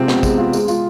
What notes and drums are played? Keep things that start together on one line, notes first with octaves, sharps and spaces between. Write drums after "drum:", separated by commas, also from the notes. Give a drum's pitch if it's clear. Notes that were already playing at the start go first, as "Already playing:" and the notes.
Already playing: C3 G#3 C4 F4
B3, drum: snare
G#3, drum: kick, tambourine
F4
G#3, drum: tambourine
F4, drum: tambourine